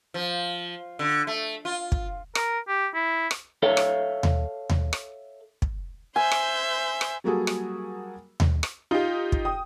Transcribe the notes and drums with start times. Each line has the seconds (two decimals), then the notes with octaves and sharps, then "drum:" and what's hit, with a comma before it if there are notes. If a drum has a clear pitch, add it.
0.14 F3
0.99 D3
1.27 A3
1.65 F4
1.92 drum: kick
2.35 A#4, drum: rim click
2.68 G4
2.94 E4
3.31 drum: rim click
3.62 A4 C#5 E5 F5
3.77 drum: rim click
4.23 drum: tom D#2
4.69 drum: tom D#2
4.93 drum: rim click
5.62 drum: kick
6.16 C5 E5 G#5 G6
6.31 drum: rim click
7.01 drum: rim click
7.24 F#3 G3 A#3 F#4 G#4 A4
7.47 drum: rim click
8.40 drum: tom D#2
8.63 drum: rim click
8.91 D#4 F4 G4
9.32 drum: kick
9.45 G5 D#6